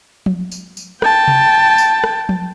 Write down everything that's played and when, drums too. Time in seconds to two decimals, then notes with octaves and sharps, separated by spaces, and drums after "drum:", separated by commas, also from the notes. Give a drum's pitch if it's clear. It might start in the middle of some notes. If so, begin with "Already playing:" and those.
0.26 drum: tom F3
0.52 drum: tambourine
0.77 drum: tambourine
1.02 G5 A5, drum: rim click
1.28 drum: tom C3
1.78 drum: tambourine
2.04 drum: rim click
2.29 drum: tom F3